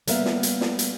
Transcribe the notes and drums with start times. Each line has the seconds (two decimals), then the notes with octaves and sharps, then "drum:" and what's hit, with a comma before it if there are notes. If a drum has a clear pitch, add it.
0.07 G3 A#3 B3 E5 F5, drum: hi-hat
0.25 drum: snare
0.43 drum: hi-hat
0.61 drum: snare
0.79 drum: hi-hat